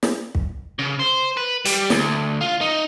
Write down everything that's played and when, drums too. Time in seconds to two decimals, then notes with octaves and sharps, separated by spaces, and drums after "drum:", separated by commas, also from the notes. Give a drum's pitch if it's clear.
0.03 drum: snare
0.35 drum: kick
0.79 C#3
0.99 C5
1.37 B4
1.65 G3, drum: hi-hat
1.90 D2, drum: snare
2.41 F4
2.61 D#4